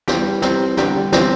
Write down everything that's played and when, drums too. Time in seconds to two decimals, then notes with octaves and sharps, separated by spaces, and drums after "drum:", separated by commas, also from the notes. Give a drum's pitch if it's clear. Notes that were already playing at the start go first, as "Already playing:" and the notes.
0.08 E3 G4, drum: snare
0.15 G3
0.22 E3
0.42 C4, drum: snare
0.77 D3 G3 G4, drum: snare
0.95 D3 G3
1.12 E3 C4, drum: snare